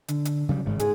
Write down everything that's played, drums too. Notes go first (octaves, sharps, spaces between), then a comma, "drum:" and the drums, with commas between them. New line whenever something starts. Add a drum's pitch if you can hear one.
D3, drum: hi-hat
drum: hi-hat
C#3 F#3 G3
G#1 G#2 C#3
G#2 G#4, drum: hi-hat